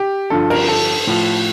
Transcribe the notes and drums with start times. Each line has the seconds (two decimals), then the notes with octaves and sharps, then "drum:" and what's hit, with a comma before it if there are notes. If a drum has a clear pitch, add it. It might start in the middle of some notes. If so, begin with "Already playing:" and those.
Already playing: G4
0.30 G2 D3 F3 A4
0.50 A#4, drum: cymbal
0.68 A4
1.07 A2 F3